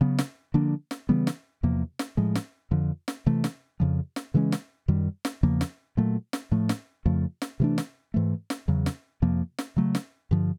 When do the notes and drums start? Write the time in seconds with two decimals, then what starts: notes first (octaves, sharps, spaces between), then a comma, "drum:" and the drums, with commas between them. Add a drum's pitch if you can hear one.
0.01 C#3 F#3 B3
0.19 drum: snare
0.54 D3 F3 A#3 D4
0.91 drum: snare
1.09 C#3 E3 G3 B3
1.27 drum: snare
1.63 E2 C3 F3 A#3
1.99 drum: snare
2.17 A2 F3 G#3
2.35 drum: snare
2.71 F2 D3 F3
3.08 drum: snare
3.26 C3 E3 A3
3.44 drum: snare
3.80 F2 C#3 F3
4.16 drum: snare
4.34 C#3 E3 G#3 C#4
4.52 drum: snare
4.88 F#2 D#3 G3
5.25 drum: snare
5.43 E2 C#3 F3 A#3
5.61 drum: snare
5.97 A#2 F#3 A3
6.33 drum: snare
6.52 A2 F3 A3
6.69 drum: snare
7.06 F2 C#3 F3 A3
7.42 drum: snare
7.60 C3 E3 A3 D4
7.78 drum: snare
8.14 G#2 E3 A3
8.50 drum: snare
8.68 E2 C#3 F#3
8.86 drum: snare
9.22 F2 C3 F3 A#3
9.58 drum: snare
9.76 C#3 F#3 A3
9.95 drum: snare
10.31 G2 D3 F3